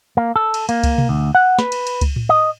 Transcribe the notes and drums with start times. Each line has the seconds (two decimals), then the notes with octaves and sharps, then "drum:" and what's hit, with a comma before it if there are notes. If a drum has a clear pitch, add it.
0.17 A#3
0.36 A4
0.54 drum: cymbal
0.69 A#3, drum: cymbal
0.83 drum: kick C#2, cymbal
0.98 drum: tom B2
1.09 D2
1.35 F#5
1.59 B4, drum: snare
1.72 drum: cymbal
1.87 drum: cymbal
2.01 drum: kick C#2, cymbal
2.16 drum: tom A2
2.29 D#5